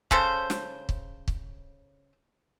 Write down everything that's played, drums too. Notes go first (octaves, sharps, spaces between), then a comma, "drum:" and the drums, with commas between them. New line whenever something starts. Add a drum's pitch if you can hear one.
C#3 A4 C5, drum: kick
drum: snare
drum: kick
drum: kick